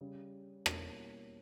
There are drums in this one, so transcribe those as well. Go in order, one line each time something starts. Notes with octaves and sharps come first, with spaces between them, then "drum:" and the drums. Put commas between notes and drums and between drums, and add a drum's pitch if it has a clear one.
C#3 G3 C#4
B2 G3 A#3 C#4 E4, drum: rim click